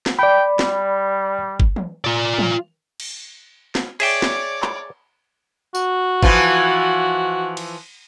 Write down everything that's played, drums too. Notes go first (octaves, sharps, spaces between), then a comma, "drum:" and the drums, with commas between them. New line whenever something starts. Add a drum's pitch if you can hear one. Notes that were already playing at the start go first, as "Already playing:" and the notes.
drum: snare
D5 G5 B5
G3, drum: snare
drum: kick
drum: tom
F4 D5
drum: tom
drum: cymbal
drum: snare
G#4 C#5 D5 E5 G5, drum: cymbal
drum: snare
drum: clap
F#4, drum: tambourine
E3 F3 F4, drum: kick
drum: cymbal